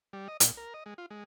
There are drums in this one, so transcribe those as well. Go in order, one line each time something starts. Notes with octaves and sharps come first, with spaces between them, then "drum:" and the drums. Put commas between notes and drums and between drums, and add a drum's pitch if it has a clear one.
G3
D#5
A#2, drum: hi-hat
A#4
D#5
G#3
F4
G#3